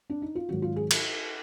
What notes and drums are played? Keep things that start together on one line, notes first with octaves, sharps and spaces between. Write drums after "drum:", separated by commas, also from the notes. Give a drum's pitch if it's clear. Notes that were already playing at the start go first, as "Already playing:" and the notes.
D4
D#4
F4
G#2 D#3 F#3 F#4
F4
G#4
drum: cymbal